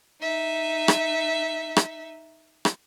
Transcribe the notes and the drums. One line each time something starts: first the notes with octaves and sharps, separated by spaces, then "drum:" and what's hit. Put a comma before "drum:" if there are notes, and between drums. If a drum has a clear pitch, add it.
D#4 E5
drum: rim click
drum: rim click
drum: rim click